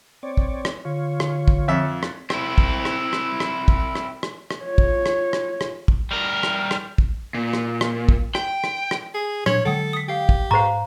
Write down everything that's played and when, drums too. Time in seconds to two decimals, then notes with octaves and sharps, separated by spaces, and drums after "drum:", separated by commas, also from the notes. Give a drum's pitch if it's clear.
0.23 C4 C#5 D5
0.37 drum: kick
0.65 drum: rim click
0.85 D3 F4 C#5
1.20 drum: rim click
1.48 drum: kick
1.68 F2 E5
2.03 drum: rim click
2.30 C4 E4, drum: rim click
2.58 drum: kick
2.85 drum: rim click
3.13 drum: rim click
3.40 drum: rim click
3.68 drum: kick
3.95 drum: rim click
4.23 drum: rim click
4.51 drum: rim click
4.64 F4 C#5
4.78 drum: kick
5.06 drum: rim click
5.33 drum: rim click
5.61 drum: rim click
5.88 drum: kick
6.11 G3 A#4
6.43 drum: rim click
6.71 drum: rim click
6.98 drum: kick
7.35 A#2
7.53 drum: rim click
7.81 drum: rim click
8.09 drum: kick
8.35 G5, drum: rim click
8.64 drum: rim click
8.91 drum: rim click
9.14 G#4
9.46 A#2 F#3 D4 C#5 G#6 F#7 G7, drum: rim click
9.66 D3 F#3 G#3 A4 F#5 G5 D#6
9.93 D#6 B6
10.09 G4 F5 G5
10.29 drum: kick
10.51 G#2 C5 F5 A#5 C#6